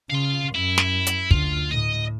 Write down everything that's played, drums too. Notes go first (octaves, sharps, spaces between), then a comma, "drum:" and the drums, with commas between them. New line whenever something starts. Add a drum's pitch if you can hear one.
C#3 F5 C6
F#2 E4
drum: snare
drum: hi-hat
D2 F4, drum: kick
A2 D#5